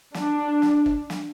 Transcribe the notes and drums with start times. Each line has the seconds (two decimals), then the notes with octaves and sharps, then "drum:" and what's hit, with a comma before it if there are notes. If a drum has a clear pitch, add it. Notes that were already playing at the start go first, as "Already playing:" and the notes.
0.14 D4, drum: snare
0.62 drum: snare
0.86 drum: kick
1.10 drum: snare